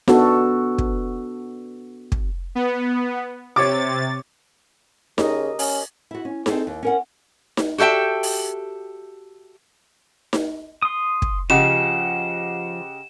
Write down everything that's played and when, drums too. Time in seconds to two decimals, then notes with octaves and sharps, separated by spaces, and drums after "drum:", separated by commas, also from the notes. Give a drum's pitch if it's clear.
0.08 B3 D4 F#4 A4, drum: snare D#4
0.78 drum: kick
2.12 drum: kick
2.55 B3
3.56 C3 C#5 D6 A6
5.18 C#3 G4 A#4 D#5, drum: snare D#4
5.59 C#4, drum: open hi-hat
6.11 E4 F#4
6.25 C#4
6.46 C4 D#4 F4 G#4 A4, drum: snare D#4
6.67 D#2
6.83 C#4 A#4 F#5
7.57 drum: snare D#4
7.78 F#4 G4 A4 E5 G5
8.23 drum: open hi-hat
10.33 drum: snare D#4
10.82 C6 D#6
11.22 drum: kick
11.50 C#3 F3 F4 G4 D#5 F#5 E7